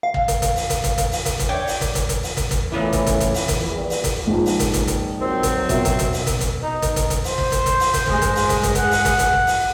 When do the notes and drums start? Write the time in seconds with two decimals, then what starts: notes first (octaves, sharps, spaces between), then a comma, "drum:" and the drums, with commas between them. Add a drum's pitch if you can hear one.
0.03 F5
0.14 drum: kick
0.28 drum: kick, hi-hat
0.42 drum: kick, hi-hat
0.56 drum: open hi-hat
0.70 drum: kick, hi-hat
0.84 drum: kick, hi-hat
0.98 drum: kick, hi-hat
1.12 drum: open hi-hat
1.26 drum: kick, hi-hat
1.39 drum: kick, hi-hat
1.49 C#5 D5 G5
1.67 drum: open hi-hat
1.81 drum: kick, hi-hat
1.95 drum: kick, hi-hat
2.09 drum: kick, hi-hat
2.23 drum: open hi-hat
2.37 drum: kick, hi-hat
2.51 drum: kick, hi-hat
2.72 A#2 E3 A3 B3 C#4 E4 D5
2.93 drum: kick, hi-hat
3.07 drum: kick, hi-hat
3.20 drum: kick, hi-hat
3.34 drum: open hi-hat
3.48 drum: kick, hi-hat
3.69 E2 G3
3.90 drum: open hi-hat
4.04 drum: kick, hi-hat
4.26 A#1 G#2 F3
4.46 drum: open hi-hat
4.60 drum: kick, hi-hat
4.74 drum: kick, hi-hat
4.87 drum: kick, hi-hat
5.20 D#3 F#3 C4
5.43 drum: kick, hi-hat
5.69 B2 E5, drum: kick, hi-hat
5.85 drum: kick, hi-hat
5.99 drum: kick, hi-hat
6.13 drum: open hi-hat
6.27 drum: kick, hi-hat
6.41 drum: kick, hi-hat
6.62 D#4
6.82 drum: kick, hi-hat
6.96 drum: kick, hi-hat
7.10 drum: kick, hi-hat
7.24 C5, drum: open hi-hat
7.38 drum: kick
7.52 drum: kick, hi-hat
7.66 drum: kick, hi-hat
7.80 drum: open hi-hat
7.94 drum: kick, hi-hat
8.07 G2 G#3, drum: kick
8.22 drum: kick, hi-hat
8.35 drum: open hi-hat
8.49 drum: kick, hi-hat
8.63 drum: kick, hi-hat
8.75 F#5, drum: kick, hi-hat
8.91 drum: open hi-hat
9.05 drum: kick, hi-hat
9.19 drum: kick, hi-hat
9.33 drum: kick
9.47 drum: open hi-hat